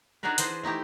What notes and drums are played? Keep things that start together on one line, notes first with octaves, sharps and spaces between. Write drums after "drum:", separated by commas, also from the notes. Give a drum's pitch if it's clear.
D4 D#4 F#4 G#4 A#4 B4
E3 G#4 C5 A5, drum: hi-hat
A3 D#4 E4 G4